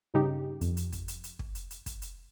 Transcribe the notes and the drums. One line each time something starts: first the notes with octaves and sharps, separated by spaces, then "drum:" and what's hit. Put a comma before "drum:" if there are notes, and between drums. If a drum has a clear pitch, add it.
G2 C#3 D#4 G4
F2, drum: hi-hat
drum: hi-hat
drum: kick, hi-hat
drum: hi-hat
drum: hi-hat
drum: kick
drum: hi-hat
drum: hi-hat
drum: kick, hi-hat
drum: hi-hat